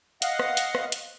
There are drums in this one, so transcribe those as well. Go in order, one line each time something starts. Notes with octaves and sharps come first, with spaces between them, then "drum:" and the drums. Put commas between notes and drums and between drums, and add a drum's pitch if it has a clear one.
D#5 F5 F#5, drum: hi-hat
drum: rim click
drum: hi-hat
drum: rim click
drum: hi-hat